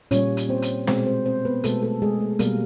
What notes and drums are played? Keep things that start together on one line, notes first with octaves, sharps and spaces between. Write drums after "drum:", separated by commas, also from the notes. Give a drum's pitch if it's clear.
A#2 G3 A#3 C#4 C#5, drum: hi-hat
drum: hi-hat
C4 C5
drum: hi-hat
B2 G#3 C4 C5, drum: snare
C4 C5
C4 C5
B3 B4
B2 G#3 A3 A4, drum: hi-hat
A3 A4
G#3 G#4
A3 A4
B2 G3 A#3 A#4, drum: hi-hat